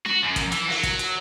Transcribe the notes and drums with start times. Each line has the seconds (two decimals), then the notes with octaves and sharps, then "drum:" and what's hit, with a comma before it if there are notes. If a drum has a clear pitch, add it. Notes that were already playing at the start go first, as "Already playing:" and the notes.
0.06 F#4, drum: snare
0.24 F#2
0.36 drum: kick, hi-hat
0.52 E3, drum: hi-hat
0.70 F#3, drum: open hi-hat
0.83 drum: kick, hi-hat
0.99 drum: hi-hat